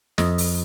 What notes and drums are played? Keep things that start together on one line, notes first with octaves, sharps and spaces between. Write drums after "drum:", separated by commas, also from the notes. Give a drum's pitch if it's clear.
F2 D#5, drum: snare
drum: open hi-hat